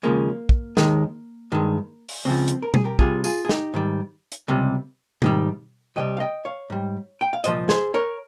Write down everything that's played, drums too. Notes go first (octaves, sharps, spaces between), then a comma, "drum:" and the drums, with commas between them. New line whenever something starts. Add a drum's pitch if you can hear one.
D#2 C#3 F3 G#3 A#3
drum: kick
D#2 D#3 G#3, drum: snare
G2 D#3 G#3
drum: open hi-hat
C#2 C#3 F3 C4
drum: hi-hat
A#4
G#4, drum: tom B2
G4 A#4
C2 C3 G3 F4 G#4, drum: kick
F4 G#4, drum: tambourine
G#4
D#4 G4, drum: snare
G#2 D#3 G3
drum: hi-hat
C#2 C3 G3
G#2 D#3 G3, drum: tom B2
C2 C3 G3 D#5 G5
F5
D#5 G5
C#5 F5
G#2 G3
G5
F5
C2 A#2 F3 C5 D#5, drum: hi-hat
G#4 C5, drum: snare
A#4 C#5